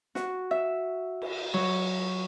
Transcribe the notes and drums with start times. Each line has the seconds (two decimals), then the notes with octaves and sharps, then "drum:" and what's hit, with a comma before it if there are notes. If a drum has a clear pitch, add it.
0.15 F#4, drum: snare
0.51 E5
1.22 drum: cymbal
1.54 F#3